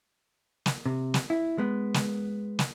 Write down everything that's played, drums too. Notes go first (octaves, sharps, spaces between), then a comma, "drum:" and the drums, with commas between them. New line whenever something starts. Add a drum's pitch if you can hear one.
drum: snare
C3
drum: snare
E4
G#3 B3
drum: snare
drum: snare